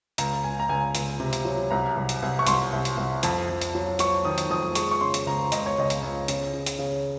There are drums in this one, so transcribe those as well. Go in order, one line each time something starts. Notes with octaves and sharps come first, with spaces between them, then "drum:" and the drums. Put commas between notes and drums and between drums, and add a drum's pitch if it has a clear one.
C#2 A#5, drum: hi-hat
C#2 G#5
A#5
C#2 G#5
C#2, drum: hi-hat
C3
drum: hi-hat
F#3
C2 A#5
C2
drum: hi-hat
C2
C#6
C2 C6, drum: hi-hat
C2
drum: hi-hat
C2
F2, drum: hi-hat
F2
drum: hi-hat
F#3
F#3 C#6, drum: hi-hat
D#3 D#6
drum: hi-hat
F2 D#6
G#3 C#6, drum: hi-hat
C#6
C#3 C6
drum: hi-hat
C#2 A#5
C#2 D#5, drum: hi-hat
C#5
C#2 D#5
drum: hi-hat
C#2
C#3, drum: hi-hat
C#3
drum: hi-hat
C#3